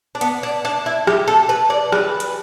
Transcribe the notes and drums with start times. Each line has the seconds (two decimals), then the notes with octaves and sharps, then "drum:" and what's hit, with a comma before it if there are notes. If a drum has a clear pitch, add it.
0.15 D4
0.21 B3, drum: hi-hat
0.43 D4
0.65 D4
0.86 E4
1.07 G4, drum: rim click
1.28 A4
1.49 B4
1.70 D5
1.92 B4, drum: rim click
2.20 drum: hi-hat